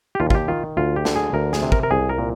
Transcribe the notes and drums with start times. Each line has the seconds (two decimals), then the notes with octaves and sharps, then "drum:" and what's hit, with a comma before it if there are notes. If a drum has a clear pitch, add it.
0.15 G4
0.20 D#2 F4
0.30 F4, drum: kick
0.35 G4
0.48 D#3 F4
0.77 D2 F4
0.96 G4
1.05 D3, drum: snare
1.16 G#4
1.33 D2 A#4
1.53 G#4, drum: snare
1.62 C3
1.72 A#4, drum: kick
1.83 A#4
1.91 C2 G#4
2.09 A#4
2.18 A#2